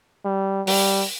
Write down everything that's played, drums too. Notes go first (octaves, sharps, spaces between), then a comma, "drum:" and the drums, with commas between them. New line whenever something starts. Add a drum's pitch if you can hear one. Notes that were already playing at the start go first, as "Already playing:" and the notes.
G3
G3, drum: open hi-hat